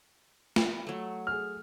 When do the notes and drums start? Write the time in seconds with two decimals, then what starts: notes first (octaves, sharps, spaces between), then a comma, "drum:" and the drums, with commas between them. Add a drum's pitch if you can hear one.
0.56 drum: snare
0.87 F#3 A3
1.27 G#4 F6